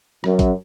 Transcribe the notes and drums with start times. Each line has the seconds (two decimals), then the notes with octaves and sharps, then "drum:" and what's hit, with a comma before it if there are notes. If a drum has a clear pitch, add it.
0.24 F#2, drum: rim click
0.39 drum: kick, hi-hat